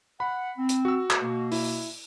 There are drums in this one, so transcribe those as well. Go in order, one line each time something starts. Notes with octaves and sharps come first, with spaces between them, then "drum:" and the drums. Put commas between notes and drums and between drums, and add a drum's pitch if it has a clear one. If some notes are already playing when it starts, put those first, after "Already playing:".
F#5 B5
C4
drum: hi-hat
F#4 E6
drum: clap
B2 A#3
E4, drum: open hi-hat